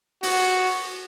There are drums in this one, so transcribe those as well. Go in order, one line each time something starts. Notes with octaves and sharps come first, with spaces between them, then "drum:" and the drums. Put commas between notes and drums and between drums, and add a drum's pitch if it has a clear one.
F#4, drum: open hi-hat